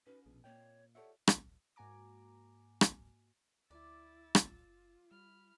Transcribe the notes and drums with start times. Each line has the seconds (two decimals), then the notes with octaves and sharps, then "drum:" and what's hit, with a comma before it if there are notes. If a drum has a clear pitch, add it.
0.06 C#4 D#4 F#4 B4
0.26 A#1 B2 G#4
0.44 A#2 A#3 C4 C#5 D#5 G5
0.95 F4 G4 A4 C#5 D5 E5 F#5
1.27 drum: rim click
1.76 G#2 A#3 F#4 G#5 A#5 D6
2.81 drum: rim click
3.71 D2 E4 D5 E6 A6
4.35 drum: rim click
4.46 F#1 F4
5.12 G3 B5 F6